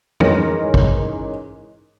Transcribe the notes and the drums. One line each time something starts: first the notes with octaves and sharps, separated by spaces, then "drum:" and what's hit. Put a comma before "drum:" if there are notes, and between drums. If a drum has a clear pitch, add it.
G#2 E3 C#4 D#4 A#4 A#6, drum: tom
drum: kick